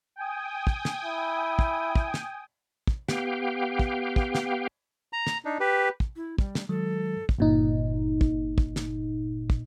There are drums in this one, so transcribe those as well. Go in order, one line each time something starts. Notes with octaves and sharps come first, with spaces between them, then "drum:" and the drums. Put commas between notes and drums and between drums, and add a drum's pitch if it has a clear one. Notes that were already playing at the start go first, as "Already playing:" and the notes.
G5 G#5 D#6
drum: kick
drum: snare
E4
drum: kick
drum: kick
drum: snare
drum: kick
B3 G4 F5 G5, drum: snare
drum: kick
drum: kick
drum: snare
A#5
drum: snare
D4 D#4
G4 B4
drum: kick
E4
G3, drum: kick
drum: snare
D#3 F#3 G#3 A4
drum: kick
G1 A#2 D#4
drum: kick
drum: kick
drum: snare
drum: kick